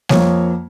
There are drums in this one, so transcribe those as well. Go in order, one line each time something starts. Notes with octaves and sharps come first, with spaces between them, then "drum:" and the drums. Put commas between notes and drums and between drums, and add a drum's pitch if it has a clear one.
F2 F3 A#3 C#5, drum: snare G3